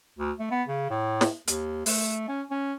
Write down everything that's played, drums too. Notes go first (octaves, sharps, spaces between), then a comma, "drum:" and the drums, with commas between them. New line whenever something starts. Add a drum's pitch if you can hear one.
D2
A3
B3
C#3
A2
drum: snare
D#2, drum: hi-hat
A3, drum: open hi-hat
C#4
C#4